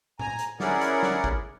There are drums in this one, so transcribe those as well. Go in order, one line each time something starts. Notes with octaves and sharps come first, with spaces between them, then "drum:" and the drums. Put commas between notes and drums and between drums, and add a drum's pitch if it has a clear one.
G#5 A#5, drum: tom A2
drum: hi-hat
C#4 E4 G#4 A#4 D5 F#5, drum: snare
drum: hi-hat
drum: snare
drum: kick G1